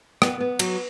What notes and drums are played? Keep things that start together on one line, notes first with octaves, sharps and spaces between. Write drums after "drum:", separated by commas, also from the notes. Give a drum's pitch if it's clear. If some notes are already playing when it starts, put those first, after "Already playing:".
B3, drum: rim click
B3
F#3, drum: cymbal